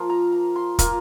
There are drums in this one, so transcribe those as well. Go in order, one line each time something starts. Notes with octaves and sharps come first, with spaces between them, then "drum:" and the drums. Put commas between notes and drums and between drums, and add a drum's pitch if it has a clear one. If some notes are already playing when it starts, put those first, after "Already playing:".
Already playing: F3 A#3 F4
A#5
A#5
C6
A#3 F4 A#5, drum: kick, hi-hat